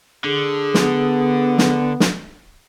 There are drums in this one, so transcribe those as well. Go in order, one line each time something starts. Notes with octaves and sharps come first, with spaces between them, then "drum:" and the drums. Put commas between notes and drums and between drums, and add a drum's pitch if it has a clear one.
D3 G#4
B3, drum: snare
drum: snare
drum: snare